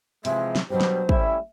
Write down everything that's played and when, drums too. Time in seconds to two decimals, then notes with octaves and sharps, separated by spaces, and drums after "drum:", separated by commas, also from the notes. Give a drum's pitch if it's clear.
0.25 C3 E3 F3 G#3 E5, drum: hi-hat
0.56 drum: snare
0.70 B2 F#3 G3 D4 G4 C5
0.81 drum: snare
1.09 G3 A3 C#4 E4 E5, drum: kick